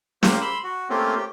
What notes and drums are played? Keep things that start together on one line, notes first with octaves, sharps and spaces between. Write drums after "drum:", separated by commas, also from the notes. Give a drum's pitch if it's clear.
A#3 G4 C5, drum: snare
B5 C6 E6
F#4
A3 A#3 C4 C#4 F4 G4
G4